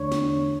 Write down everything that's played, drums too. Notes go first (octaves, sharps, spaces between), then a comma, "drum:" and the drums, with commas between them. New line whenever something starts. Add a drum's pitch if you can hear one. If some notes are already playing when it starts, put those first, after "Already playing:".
Already playing: E2 D3 A3 D4 C#5
drum: snare